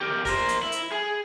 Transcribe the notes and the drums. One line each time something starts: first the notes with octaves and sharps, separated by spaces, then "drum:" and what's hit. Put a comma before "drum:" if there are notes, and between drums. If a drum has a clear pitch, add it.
G4 A#4
A#4 C5, drum: kick, open hi-hat
drum: hi-hat
E4
drum: hi-hat
G#4